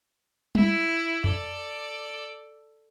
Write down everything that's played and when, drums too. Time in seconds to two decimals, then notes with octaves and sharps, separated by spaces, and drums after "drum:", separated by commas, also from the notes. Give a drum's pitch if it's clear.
0.55 E4, drum: tom
1.24 A4 D5, drum: tom F2